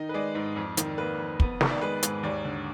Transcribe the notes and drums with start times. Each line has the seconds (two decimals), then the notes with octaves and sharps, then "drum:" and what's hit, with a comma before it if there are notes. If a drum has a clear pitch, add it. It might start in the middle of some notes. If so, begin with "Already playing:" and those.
Already playing: D#3 D#4 D#5
0.09 B4
0.14 G#3 D5
0.35 G#2
0.56 F2
0.77 D#3, drum: hi-hat
0.98 A#3 B4
1.19 F2
1.40 B3, drum: kick
1.61 D#3, drum: snare
1.71 D5
1.81 G#3 B4
2.03 G#2, drum: hi-hat
2.23 D#2 D5
2.45 D3